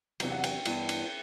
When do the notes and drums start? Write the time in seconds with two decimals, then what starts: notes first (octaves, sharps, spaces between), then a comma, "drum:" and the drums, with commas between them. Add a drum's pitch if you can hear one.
0.20 E2 C3 F#3 G5, drum: cymbal
0.32 F#5
0.44 G5, drum: cymbal
0.65 G2 E3 B3, drum: cymbal
0.89 drum: cymbal